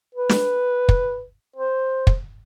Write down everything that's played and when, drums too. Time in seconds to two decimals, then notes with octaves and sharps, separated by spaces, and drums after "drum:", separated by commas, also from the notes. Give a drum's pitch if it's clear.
0.15 B4
0.29 drum: snare
0.89 drum: kick
1.56 C5
2.07 drum: kick